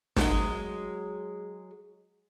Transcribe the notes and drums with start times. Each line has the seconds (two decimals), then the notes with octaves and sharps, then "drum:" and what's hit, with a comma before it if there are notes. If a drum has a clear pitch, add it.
0.17 F#3 G#3, drum: snare